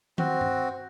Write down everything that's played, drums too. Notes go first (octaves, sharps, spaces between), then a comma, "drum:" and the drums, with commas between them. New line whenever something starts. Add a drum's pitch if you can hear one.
C4 F#4, drum: tom
drum: tom G2